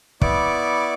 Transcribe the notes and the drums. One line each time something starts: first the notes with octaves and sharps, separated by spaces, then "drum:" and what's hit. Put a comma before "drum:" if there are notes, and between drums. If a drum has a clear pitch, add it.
B3 E4 D5 C#6 D6, drum: kick